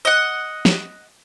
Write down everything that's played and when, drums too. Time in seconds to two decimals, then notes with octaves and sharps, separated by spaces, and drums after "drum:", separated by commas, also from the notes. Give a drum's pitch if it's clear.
0.05 D#5 F#5
0.65 drum: snare